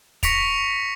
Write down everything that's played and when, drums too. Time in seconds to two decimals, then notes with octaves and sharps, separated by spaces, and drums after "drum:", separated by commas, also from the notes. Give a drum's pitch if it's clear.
0.23 C#6 A#6 B6 C#7 D7 F7, drum: kick, hi-hat